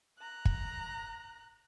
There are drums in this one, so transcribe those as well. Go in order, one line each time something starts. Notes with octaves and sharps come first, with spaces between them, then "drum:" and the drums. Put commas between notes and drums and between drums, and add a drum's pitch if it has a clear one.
A#5 F#6
drum: kick